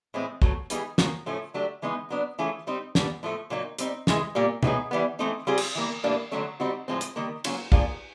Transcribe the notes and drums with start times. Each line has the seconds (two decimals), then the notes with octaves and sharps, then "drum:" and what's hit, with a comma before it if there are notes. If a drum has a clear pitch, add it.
0.14 A2 E3 G#3 C4
0.42 B2 F#3 A3, drum: kick
0.70 E3 G3 B3 D#4 G#4, drum: hi-hat
0.98 F3 A#3 C#4 F#4, drum: snare
1.26 A2 F3 A3 C#4
1.54 F#3 A3 D4 G4
1.82 E3 G#3 B3 D#4
2.10 F#3 B3 D4
2.39 E3 A3 C#4 F4 G#4
2.67 G3 C4 D#4
2.95 A#2 G3 B3 D4, drum: snare
3.23 A2 F3 A3
3.50 A#2 F#3 A#3 D#4
3.79 G3 C4 D#4, drum: hi-hat
4.07 C3 E3 G#3, drum: snare
4.35 A#2 G3 A#3
4.63 A2 F#3 B3 D#4 G#4, drum: tom
4.91 E3 G3 B3
5.19 E3 A3 C4 D#4
5.47 G3 C4 F4 G#4
5.58 drum: cymbal
5.75 E3 G3 A#3
6.03 A2 E3 G3 A#3 D4
6.31 D3 F#3 A3 C#4
6.60 G3 C4 D#4 F#4
6.88 A2 F3 G#3 C4
7.01 drum: hi-hat
7.16 D#3 G3 A#3
7.44 F#3 A#3 C#4 F4, drum: cymbal
7.72 F3 A#3 D4 F4 G#4, drum: kick